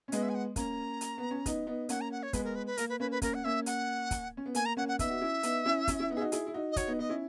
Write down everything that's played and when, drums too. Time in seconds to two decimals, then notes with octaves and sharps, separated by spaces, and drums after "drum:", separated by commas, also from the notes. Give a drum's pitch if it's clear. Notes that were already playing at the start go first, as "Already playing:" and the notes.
0.08 C#4
0.12 G#3 B3 D#5, drum: hi-hat
0.23 E5
0.29 G#5
0.35 F#5
0.56 A#3 C#4 A#5, drum: kick, hi-hat
1.01 drum: hi-hat
1.18 B3
1.31 C#4
1.46 B3 D#4, drum: kick, hi-hat
1.67 B3 D#4
1.89 A#3 C#4 F#5, drum: hi-hat
2.01 A#5
2.12 F#5
2.23 C#5
2.33 G#3 B3 B4, drum: kick, hi-hat
2.44 A#4
2.55 B4
2.67 B4
2.77 A#3 A#4, drum: hi-hat
2.89 B4
3.00 A#3 C#4 B4
3.11 B4
3.22 A#3 C#4 A#4, drum: kick, hi-hat
3.34 F#5
3.44 A#3 C#4 E5
3.66 F#5, drum: hi-hat
4.11 drum: kick, hi-hat
4.37 C#4
4.46 B3
4.55 A#3 G#5, drum: hi-hat
4.66 A#5
4.77 A#3 C#4 F#5
4.88 F#5
4.99 B3 D#4 E5, drum: kick, hi-hat
5.10 F#4
5.21 C#4 E4
5.43 B3 D#4, drum: hi-hat
5.65 C#4 E4
5.88 C#4 E4, drum: kick, hi-hat
5.99 C#4 E4
6.10 B3 D#4
6.17 G#4
6.21 D#4 F#4
6.32 E4 G#4, drum: hi-hat
6.47 E4
6.54 D#4 F#4
6.72 D#5
6.76 D#4 F#4 C#5, drum: kick, hi-hat
6.87 B3 D#4
6.99 B3 D#4 D#5
7.09 C#4 E4